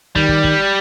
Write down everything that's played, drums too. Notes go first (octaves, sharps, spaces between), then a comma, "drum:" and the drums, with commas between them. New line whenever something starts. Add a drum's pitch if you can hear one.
D#3 G3, drum: kick
drum: kick
drum: kick